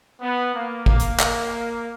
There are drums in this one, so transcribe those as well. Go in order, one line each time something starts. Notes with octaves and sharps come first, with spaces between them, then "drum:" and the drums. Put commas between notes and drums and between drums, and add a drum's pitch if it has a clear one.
B3
A#3
A#3, drum: kick
drum: hi-hat
A#3, drum: clap